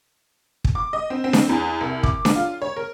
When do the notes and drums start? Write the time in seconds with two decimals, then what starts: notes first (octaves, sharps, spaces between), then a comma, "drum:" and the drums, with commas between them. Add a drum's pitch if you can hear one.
0.64 drum: kick
0.75 D6
0.93 D#5
1.10 C4
1.24 C4
1.33 drum: snare D4
1.49 E2
1.81 C2
2.03 D6, drum: kick
2.25 drum: snare D4
2.36 F4
2.62 C#5
2.76 A#4